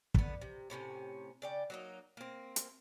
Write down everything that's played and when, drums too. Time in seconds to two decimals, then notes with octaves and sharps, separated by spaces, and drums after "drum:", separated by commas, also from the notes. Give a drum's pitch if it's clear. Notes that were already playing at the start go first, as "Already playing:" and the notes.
0.14 D3 B3, drum: kick
0.41 C3
0.70 A2 C3 B3 C#4
1.42 C#3 D5 G5
1.70 F#3 A#3 D#4
2.17 A#3 C4
2.56 drum: hi-hat